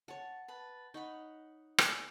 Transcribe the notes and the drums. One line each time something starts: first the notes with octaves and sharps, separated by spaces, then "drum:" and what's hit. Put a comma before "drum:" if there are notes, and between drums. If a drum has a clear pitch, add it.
C#5 F#5 A5
B4 A5
D#4 C#5 F#5 B5
G#4 D5, drum: rim click